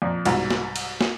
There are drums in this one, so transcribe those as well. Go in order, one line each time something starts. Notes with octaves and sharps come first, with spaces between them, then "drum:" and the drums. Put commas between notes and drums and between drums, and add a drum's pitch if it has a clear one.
F2 A#2
C2 G#2 B2, drum: cymbal
drum: snare
drum: cymbal
drum: snare